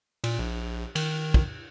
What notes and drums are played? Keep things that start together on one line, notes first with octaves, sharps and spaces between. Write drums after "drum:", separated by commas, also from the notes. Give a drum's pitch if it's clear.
A#2, drum: cymbal
A#1
D#3, drum: cymbal
drum: kick